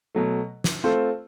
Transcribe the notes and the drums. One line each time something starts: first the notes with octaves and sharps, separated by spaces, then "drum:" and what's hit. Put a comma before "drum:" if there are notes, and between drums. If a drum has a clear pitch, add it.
B2 F#3 A3
drum: snare
A3 C4 F4 A4 C5